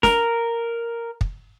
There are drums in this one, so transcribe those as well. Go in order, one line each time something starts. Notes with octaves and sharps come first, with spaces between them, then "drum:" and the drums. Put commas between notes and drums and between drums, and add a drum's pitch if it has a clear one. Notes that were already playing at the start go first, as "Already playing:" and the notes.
A#4, drum: snare
drum: kick